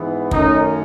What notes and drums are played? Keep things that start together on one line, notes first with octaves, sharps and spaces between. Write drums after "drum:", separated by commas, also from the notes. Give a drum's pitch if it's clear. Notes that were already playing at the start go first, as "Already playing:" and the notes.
Already playing: G#2 E3 B3
F#2 D#3 A3 C#4 D#4, drum: kick